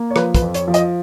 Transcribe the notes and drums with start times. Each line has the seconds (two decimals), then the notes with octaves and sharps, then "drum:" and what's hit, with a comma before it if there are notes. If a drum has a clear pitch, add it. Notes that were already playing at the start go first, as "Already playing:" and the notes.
Already playing: A#3
0.10 C#5
0.16 F3 B4, drum: rim click
0.35 B4, drum: kick, hi-hat
0.42 F2
0.54 C#5, drum: hi-hat
0.67 F3
0.74 D#5, drum: hi-hat